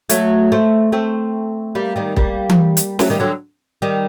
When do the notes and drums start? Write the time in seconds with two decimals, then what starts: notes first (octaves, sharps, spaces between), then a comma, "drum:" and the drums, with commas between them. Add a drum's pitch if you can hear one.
0.09 F#3 A3, drum: hi-hat
0.52 A3 C4
0.92 A3 C4
1.75 G3 A#3
1.96 D#3 G3
2.16 G3 A#3, drum: kick
2.49 drum: tom E3
2.77 drum: hi-hat
2.99 F#3 A3, drum: snare
3.10 D#3 G3
3.20 D3 F#3
3.82 D#3 G3